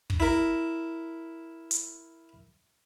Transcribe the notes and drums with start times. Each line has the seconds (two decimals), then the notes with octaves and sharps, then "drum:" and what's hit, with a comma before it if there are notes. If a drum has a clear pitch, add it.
0.10 drum: kick
0.20 E4 A#4
1.71 drum: hi-hat